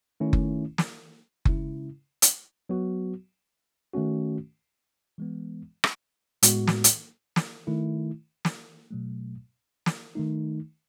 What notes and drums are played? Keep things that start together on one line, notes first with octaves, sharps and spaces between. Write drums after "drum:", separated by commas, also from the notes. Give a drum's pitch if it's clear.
D#3 A3 C#4 E4
drum: kick F#1
drum: snare
C#3 G#3 C#4 E4, drum: kick F#1
drum: hi-hat
F#3 B3 F#4
D#3 A3 C#4 F#4
E3 G#3 B3
drum: rim click
A2 G#3 B3 F#4, drum: hi-hat
drum: snare
drum: hi-hat
drum: snare
D#3 A3 E4
drum: snare
B2 F#3 A3
drum: snare
D#3 A3 D#4